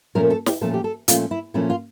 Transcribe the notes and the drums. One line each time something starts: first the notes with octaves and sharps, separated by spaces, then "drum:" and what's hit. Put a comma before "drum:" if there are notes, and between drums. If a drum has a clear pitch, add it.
A#2 F3 A3 C#4 A#4
A4
G4, drum: snare
A#2 F3 A3 C#4 A4
G4
A4
A#2 F3 A3 C#4 F4, drum: hi-hat
E4
A#2 F3 A3 C#4 E4
F4